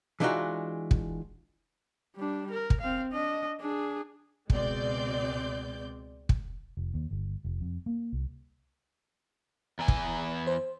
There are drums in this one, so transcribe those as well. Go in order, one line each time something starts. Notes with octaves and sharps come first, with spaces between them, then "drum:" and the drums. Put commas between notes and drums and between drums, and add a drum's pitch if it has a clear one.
E3 G#3 D4 D#4 F4 F#4
drum: kick
G3 D4
A#4
drum: kick
C4 F5
D4 D#5
D4 G#4
C#2 B2 G#3 C4 D5 G6, drum: kick
drum: kick
F1
D#2
G1
F1
F2
A#3
C2
E2 E4 G#5 A#5
drum: kick
C5